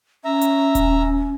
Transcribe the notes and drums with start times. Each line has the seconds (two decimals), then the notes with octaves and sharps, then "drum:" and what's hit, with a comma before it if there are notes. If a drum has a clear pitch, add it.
0.25 C#4 E5 A#5
0.41 drum: hi-hat
0.75 drum: kick D#1, hi-hat